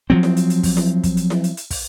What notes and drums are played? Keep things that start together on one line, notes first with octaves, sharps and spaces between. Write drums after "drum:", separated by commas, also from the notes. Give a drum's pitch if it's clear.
F3 F#3 C4
drum: snare E4
drum: hi-hat
drum: hi-hat
drum: kick, open hi-hat
drum: snare E4
drum: kick, hi-hat
drum: hi-hat
drum: snare E4
drum: hi-hat
drum: hi-hat
drum: kick, open hi-hat